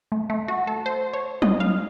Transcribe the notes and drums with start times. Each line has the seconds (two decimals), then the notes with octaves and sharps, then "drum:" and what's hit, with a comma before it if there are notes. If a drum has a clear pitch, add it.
0.12 A3
0.30 A3
0.48 F#4
0.67 A4
0.86 C5
1.13 C#5
1.42 D#5, drum: tom F#3
1.60 F5